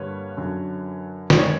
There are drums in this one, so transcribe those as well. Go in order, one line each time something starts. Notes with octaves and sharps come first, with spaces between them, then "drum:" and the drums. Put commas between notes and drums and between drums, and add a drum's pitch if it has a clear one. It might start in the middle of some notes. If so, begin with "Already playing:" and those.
Already playing: G2 D3 G3 A#3 B4 C#5
F#2 D3 F#3
F#2 D#3 G#3 B3 D5, drum: snare
C#5